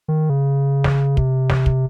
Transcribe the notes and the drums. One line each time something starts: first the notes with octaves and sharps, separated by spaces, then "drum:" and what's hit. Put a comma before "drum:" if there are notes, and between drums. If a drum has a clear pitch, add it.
D#3
C#3
drum: snare
C3, drum: kick
drum: snare
drum: kick